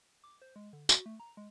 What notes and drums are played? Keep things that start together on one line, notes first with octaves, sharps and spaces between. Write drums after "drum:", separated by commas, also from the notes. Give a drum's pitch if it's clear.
D6
C5
G#3
D3
F#4, drum: tambourine
A3
A#5
G#3